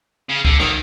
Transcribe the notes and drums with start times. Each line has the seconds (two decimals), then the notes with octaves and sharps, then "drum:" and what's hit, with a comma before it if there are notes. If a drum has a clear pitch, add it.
0.29 C#3
0.45 D3, drum: kick C#2
0.60 D#3, drum: rim click